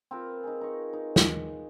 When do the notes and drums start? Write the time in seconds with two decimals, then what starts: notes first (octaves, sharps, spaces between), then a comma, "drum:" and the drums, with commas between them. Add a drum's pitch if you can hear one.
0.11 C4 F4 A#4 B4
0.44 D#4 G#4
0.61 D#4 C#6
0.93 D#4
1.16 drum: snare